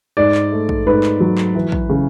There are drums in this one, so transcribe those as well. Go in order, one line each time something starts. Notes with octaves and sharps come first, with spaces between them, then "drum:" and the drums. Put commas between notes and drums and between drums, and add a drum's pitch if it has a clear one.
G#2 D5
drum: clap
A3
drum: kick
G#2 B4
drum: clap
F#3
drum: clap
E3
drum: kick
C#3